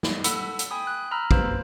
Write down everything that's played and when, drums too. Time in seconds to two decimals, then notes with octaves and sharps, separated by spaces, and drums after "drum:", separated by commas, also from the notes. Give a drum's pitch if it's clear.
0.03 drum: snare
0.24 A4 F#5 B5 E6, drum: hi-hat
0.59 drum: hi-hat
0.71 G5 G#5 B5 D#6
0.87 F#6
1.11 A#5 B5 E6 F6
1.31 A#3 B4 C5, drum: kick